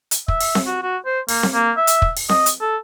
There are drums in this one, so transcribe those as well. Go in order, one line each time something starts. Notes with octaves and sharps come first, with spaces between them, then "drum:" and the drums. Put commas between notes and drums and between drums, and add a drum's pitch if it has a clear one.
drum: hi-hat
E5, drum: kick
drum: open hi-hat
drum: snare C4
F#4
F#4
C5
A#3, drum: open hi-hat
drum: snare C4
A#3
E5
drum: hi-hat
drum: kick
drum: open hi-hat
D#5, drum: snare C4
drum: hi-hat
A4